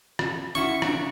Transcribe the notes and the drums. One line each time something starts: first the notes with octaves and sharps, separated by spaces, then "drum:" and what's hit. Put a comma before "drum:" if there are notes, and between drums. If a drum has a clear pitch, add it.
drum: rim click
C#4 E4 F#4 C#6
C#3 D4 A#5, drum: rim click